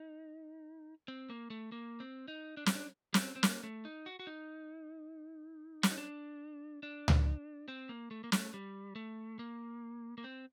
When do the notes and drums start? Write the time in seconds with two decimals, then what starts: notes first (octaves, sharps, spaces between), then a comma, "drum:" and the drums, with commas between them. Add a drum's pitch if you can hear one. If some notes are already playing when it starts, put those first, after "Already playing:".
Already playing: D#4
1.08 C4
1.30 A#3
1.50 A3
1.72 A#3
2.00 C4
2.28 D#4
2.57 D4
2.66 C4, drum: snare
2.75 D4
3.14 C4, drum: snare
3.36 C4
3.43 A#3, drum: snare
3.63 A3
3.85 D#4
4.06 F#4
4.19 F#4
4.27 D#4
5.83 F#4, drum: snare
5.91 D#4
5.98 D4
6.83 D4
7.08 drum: tom C#2
7.68 C4
7.89 A#3
8.11 A3
8.24 A#3
8.32 A3, drum: snare
8.54 G3
8.95 A3
9.39 A#3
10.18 A#3
10.24 C4